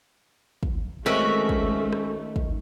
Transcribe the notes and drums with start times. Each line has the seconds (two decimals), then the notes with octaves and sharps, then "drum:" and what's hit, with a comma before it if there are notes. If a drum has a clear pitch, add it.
0.63 drum: kick
1.06 D#3 G#3 A3 C4 C#4 F#4 E5
1.49 drum: kick
1.92 drum: rim click
2.36 drum: kick